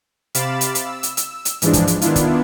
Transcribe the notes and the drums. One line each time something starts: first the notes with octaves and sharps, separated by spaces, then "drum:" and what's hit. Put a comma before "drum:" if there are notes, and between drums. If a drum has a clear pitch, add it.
C3 F5 B5 D6 A6 E7, drum: hi-hat
drum: hi-hat
drum: hi-hat
E6
drum: hi-hat
drum: hi-hat
drum: hi-hat
G#2 E3 F3 G#3 D4, drum: hi-hat
drum: kick, hi-hat
drum: hi-hat
D#3 B3 D4 E4 F4, drum: hi-hat
drum: kick, hi-hat